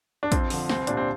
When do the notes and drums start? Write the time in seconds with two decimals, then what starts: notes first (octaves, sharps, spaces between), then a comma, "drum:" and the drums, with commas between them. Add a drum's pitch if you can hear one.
0.23 D4
0.32 F2 C4, drum: kick, hi-hat
0.50 D3 F3, drum: open hi-hat
0.69 C2 C4, drum: snare
0.87 A#2 G3 D4, drum: hi-hat
0.97 C4